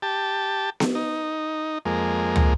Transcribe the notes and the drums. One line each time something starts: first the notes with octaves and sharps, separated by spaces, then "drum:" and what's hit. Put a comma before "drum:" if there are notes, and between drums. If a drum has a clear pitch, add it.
G4 A5
drum: snare B3
D#4
F2 G#3 A#3
drum: tom